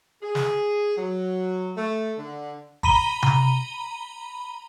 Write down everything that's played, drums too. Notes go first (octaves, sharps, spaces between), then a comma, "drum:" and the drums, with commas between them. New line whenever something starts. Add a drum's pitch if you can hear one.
G#4
drum: snare
F#3
A3
D3
A#5 B5 D#7 G7, drum: kick
drum: tom C3